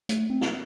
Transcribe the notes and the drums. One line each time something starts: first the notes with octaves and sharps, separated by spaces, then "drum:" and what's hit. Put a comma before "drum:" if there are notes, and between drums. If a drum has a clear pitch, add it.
A3, drum: hi-hat
C4
drum: snare